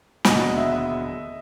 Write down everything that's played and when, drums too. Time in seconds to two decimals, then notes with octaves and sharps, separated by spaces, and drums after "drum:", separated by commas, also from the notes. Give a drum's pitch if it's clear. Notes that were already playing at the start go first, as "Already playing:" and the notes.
0.25 E1 D#2 D3 F#3 B3 D#5, drum: snare
0.40 D#5
0.57 E5
0.72 E5